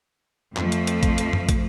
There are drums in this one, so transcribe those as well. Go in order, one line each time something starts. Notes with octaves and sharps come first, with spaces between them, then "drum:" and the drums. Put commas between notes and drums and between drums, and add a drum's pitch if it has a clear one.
F2 F3 A3, drum: clap
drum: hi-hat
drum: hi-hat
drum: kick, hi-hat
drum: hi-hat
drum: tom F#2
drum: kick, hi-hat